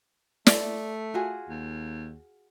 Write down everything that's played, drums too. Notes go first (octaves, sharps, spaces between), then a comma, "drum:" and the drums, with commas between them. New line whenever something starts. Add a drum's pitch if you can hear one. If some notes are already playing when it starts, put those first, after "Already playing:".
A3 D5, drum: snare
F4 F#4 G#4
D#2